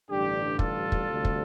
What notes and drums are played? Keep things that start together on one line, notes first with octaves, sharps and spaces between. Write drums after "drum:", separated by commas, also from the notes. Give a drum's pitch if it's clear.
A1 G2 D3 G3 D4 G4
F4 A4, drum: kick
drum: kick
D2 C3 G3
drum: kick